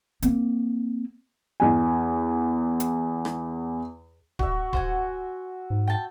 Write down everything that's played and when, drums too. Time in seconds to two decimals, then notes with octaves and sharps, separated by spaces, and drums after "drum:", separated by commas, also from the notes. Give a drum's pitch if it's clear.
0.22 A#3 C4, drum: hi-hat
1.60 E2 G#5
2.80 drum: hi-hat
3.25 drum: rim click
4.39 F#4 E5, drum: kick D1
4.73 C5 F#5 G#5, drum: kick D1
5.70 G#2
5.88 G5 A5